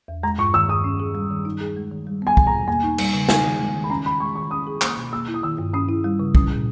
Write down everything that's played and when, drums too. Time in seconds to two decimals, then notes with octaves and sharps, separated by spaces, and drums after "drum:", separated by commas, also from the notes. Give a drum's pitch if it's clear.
0.08 E2
0.23 G#3 A#5
0.39 G2 C#6
0.54 D#3 E6
0.69 G2 D#6
0.84 C#4
1.00 G#4
1.15 G3
1.30 D#3
1.45 D#4
1.61 G#4
1.76 G#3
1.91 D#3
2.07 G3
2.22 B3 G#5
2.37 B2, drum: kick
2.47 A#5
2.53 E2
2.68 A#3 G#5
2.83 D#4
2.98 G3, drum: cymbal
3.13 C#3
3.29 D#4 G#5, drum: snare
3.44 D#3
3.60 G#3
3.75 D#3
3.84 B5
3.90 C#4 A#5
4.05 D#3 B5
4.20 G#3 C#6
4.35 D#3 C#6
4.51 C#4 D#6
4.67 G#4
4.81 A#3 D#6, drum: clap
4.97 B2
5.13 A#3 E6
5.28 E4
5.34 D#6
5.43 D#3 E6
5.58 G2
5.73 C#4 D#6
5.89 E4
6.04 G3
6.20 C#3
6.35 C#4 D#6, drum: kick
6.50 A#2